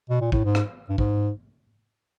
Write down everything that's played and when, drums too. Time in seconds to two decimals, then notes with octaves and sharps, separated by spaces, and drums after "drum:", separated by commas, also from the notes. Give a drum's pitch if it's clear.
0.10 B2
0.21 A#2
0.32 A2, drum: kick
0.45 G#2
0.55 drum: rim click
0.89 G2
0.98 G#2, drum: kick